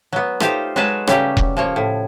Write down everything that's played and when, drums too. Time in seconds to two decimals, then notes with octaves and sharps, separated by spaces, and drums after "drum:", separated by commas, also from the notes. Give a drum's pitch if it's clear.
0.13 F#3 B3
0.40 A3 D#4 F4 G4 C5 F5, drum: rim click
0.76 F#3 G#3 F#4 G#4 B4 A5
1.07 C#3 F#3 G3 A3 C#4 G4, drum: rim click
1.37 drum: kick E1
1.57 F3 A#3 C#5
1.76 A2